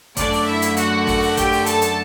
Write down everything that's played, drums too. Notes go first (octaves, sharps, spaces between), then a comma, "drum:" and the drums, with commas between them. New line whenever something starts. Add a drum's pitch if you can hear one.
F#2 D3 A3 D4 D5, drum: kick, hi-hat
drum: open hi-hat
E4 E5
drum: hi-hat
F#4 F#5, drum: hi-hat
drum: kick, open hi-hat
drum: open hi-hat
G4 G5, drum: kick, hi-hat
drum: open hi-hat
A4 A5, drum: hi-hat
drum: hi-hat